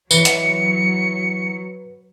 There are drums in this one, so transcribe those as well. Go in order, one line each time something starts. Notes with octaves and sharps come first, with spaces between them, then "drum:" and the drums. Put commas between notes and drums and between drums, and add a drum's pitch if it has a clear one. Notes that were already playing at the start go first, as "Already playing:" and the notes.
E3 F#3 B4 C#5 C#7, drum: tambourine
drum: hi-hat